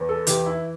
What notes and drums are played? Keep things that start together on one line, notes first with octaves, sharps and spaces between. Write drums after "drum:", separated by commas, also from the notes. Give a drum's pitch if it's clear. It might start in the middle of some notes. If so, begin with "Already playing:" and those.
Already playing: E2
A4
E3 G4, drum: hi-hat
E4